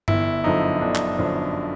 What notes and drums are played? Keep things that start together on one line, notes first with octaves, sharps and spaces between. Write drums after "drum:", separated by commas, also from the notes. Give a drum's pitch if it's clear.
G1 E4, drum: tom G2
F#2 D3 F3 D#4
G1 D4
drum: clap
F#2 D3 F3